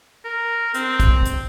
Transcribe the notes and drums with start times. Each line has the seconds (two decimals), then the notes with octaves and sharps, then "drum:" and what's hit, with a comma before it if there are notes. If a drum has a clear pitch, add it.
0.25 A#4
0.74 C4, drum: hi-hat
1.00 drum: kick, hi-hat
1.25 drum: hi-hat